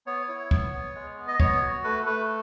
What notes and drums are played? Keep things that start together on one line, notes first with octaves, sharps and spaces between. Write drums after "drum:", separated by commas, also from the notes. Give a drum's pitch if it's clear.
B3 C#5
E4 C#5
B3, drum: kick
B3
G#3
B3
D#5
B3 C#5, drum: kick
F#4
A3 B4
A3 B4